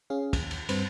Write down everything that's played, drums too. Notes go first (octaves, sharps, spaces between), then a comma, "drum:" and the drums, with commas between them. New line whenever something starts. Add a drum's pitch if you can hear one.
C#4 G#4 F5
D#2, drum: kick, cymbal
drum: cymbal
G2 C4 B4 C5, drum: cymbal